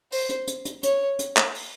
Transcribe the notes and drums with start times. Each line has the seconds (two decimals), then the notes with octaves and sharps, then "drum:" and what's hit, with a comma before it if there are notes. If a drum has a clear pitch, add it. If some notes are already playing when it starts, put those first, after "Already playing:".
0.12 C5, drum: open hi-hat
0.30 drum: hi-hat
0.47 drum: hi-hat
0.65 drum: hi-hat
0.83 C#5, drum: hi-hat
1.19 drum: hi-hat
1.37 drum: clap
1.55 drum: open hi-hat